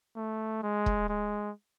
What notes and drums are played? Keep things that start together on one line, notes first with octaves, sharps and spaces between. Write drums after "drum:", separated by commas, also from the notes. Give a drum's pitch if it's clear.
A3
G#3
drum: kick
G#3